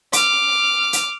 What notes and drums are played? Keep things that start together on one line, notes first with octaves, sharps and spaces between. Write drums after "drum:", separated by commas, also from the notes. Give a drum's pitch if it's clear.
D6 F6, drum: hi-hat
drum: hi-hat